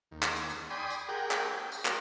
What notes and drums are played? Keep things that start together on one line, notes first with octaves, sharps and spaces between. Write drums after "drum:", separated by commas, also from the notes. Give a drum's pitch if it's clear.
D#2
drum: clap
drum: tambourine
drum: tambourine
D5 G5 G#5 B5 C6 D#6
drum: tambourine
G4 G#4 A#4 F#5 G5
drum: clap
G5
drum: tambourine
F#4 A#4 F5, drum: clap